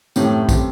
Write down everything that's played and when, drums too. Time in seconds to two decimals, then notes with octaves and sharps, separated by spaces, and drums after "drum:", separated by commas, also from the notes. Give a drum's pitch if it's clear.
0.16 F#2 A2 E3 A3 C4 G4, drum: tambourine
0.49 E3 A3 C4 G4, drum: kick, tambourine